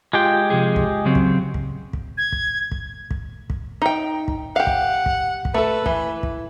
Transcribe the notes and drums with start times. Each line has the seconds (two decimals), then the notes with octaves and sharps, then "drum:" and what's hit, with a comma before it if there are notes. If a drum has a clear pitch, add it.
0.13 G#3 F4 G4 G5
0.50 C3 F3 G#4
0.76 drum: kick
1.05 C#3 F#3 C4
1.15 drum: kick
1.54 drum: kick
1.93 drum: kick
2.18 G#6
2.32 drum: kick
2.72 drum: kick
3.11 drum: kick
3.50 drum: kick
3.82 D#4 G5
4.28 drum: kick
4.56 G4 F5 F#5
4.67 drum: kick
5.06 drum: kick
5.45 drum: kick
5.54 A3 A4 B4
5.86 E3, drum: kick
6.23 drum: kick